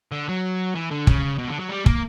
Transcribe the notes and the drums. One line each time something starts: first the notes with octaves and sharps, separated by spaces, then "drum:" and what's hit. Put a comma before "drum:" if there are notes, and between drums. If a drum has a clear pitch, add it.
D3
F#3
E3
D3
C#3, drum: kick
B2
D3
F#3
G3
A#3, drum: kick